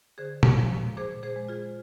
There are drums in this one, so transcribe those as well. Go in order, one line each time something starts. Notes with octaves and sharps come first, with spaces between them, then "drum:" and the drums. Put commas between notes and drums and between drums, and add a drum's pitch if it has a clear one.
D3 G#4 C5
drum: tom
F3 G#3
A#2 G#4 C5
G#4 C5
G#3
F4 G#4